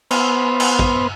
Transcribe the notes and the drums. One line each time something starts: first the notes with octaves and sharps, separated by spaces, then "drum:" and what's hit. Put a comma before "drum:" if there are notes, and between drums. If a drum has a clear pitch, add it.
B3 C5, drum: cymbal
drum: cymbal
drum: kick